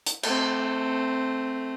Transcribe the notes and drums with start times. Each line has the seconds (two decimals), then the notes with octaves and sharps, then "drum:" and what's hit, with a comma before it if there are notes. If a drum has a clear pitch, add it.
0.06 drum: hi-hat
0.23 A3 C4, drum: cymbal